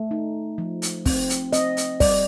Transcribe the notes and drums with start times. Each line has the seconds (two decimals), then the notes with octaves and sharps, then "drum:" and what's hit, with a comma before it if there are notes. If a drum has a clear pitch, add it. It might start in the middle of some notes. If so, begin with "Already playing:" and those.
Already playing: A3
0.11 D#4
0.58 F3
0.82 drum: hi-hat
1.06 C4, drum: kick, open hi-hat
1.29 drum: hi-hat
1.53 C4 D#5, drum: hi-hat
1.77 drum: hi-hat
2.00 G3 D5, drum: kick, open hi-hat